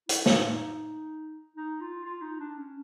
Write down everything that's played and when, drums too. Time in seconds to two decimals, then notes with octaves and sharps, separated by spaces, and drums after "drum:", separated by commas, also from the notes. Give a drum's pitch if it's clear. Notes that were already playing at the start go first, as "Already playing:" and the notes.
0.09 E4, drum: hi-hat
0.26 D#4, drum: snare
0.38 D4
0.44 D#4
1.57 D#4
1.81 F4
2.05 F4
2.22 D#4
2.40 D4
2.58 C#4